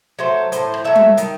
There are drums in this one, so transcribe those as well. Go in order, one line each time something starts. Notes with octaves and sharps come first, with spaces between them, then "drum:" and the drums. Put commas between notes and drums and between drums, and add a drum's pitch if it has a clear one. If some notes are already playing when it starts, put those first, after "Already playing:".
F#3 A3 C5
A2 C5, drum: hi-hat
drum: rim click
F#3 A3 E5
drum: tom G3
D#3, drum: hi-hat